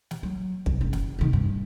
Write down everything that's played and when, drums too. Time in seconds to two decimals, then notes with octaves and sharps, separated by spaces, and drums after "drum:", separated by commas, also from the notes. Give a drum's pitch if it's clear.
0.11 drum: snare
0.23 F#3
0.66 C2, drum: kick
0.81 F#1
0.93 drum: snare
1.19 C3 D#3
1.33 G2